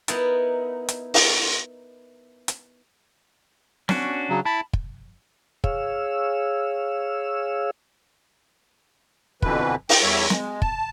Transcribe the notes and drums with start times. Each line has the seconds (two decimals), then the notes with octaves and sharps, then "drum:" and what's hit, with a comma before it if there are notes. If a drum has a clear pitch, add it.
0.08 B3 D#4 E4 A#4 D#5 A5, drum: hi-hat
0.89 drum: hi-hat
1.14 drum: open hi-hat
2.48 drum: hi-hat
3.89 C#4 D4 F#4, drum: snare
4.30 C#3 F#3
4.45 E4 A5 B5
4.73 drum: kick
5.64 G#4 C#5 F5 E6, drum: kick
9.42 F2 B2 D3 E3 B4, drum: kick
9.89 G5, drum: open hi-hat
10.03 E2 G3 C#5 E5
10.30 G#3, drum: snare
10.62 A5, drum: kick